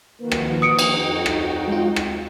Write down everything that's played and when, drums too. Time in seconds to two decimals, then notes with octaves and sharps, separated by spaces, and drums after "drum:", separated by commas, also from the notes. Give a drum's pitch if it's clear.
0.20 D#3 F3 A#3 F#4 B4
0.32 drum: rim click
0.62 D#4 F#4 G5 D#6 C#7 D7
0.79 drum: cymbal
1.02 F2
1.26 drum: rim click
1.68 G#3 F4
1.96 drum: rim click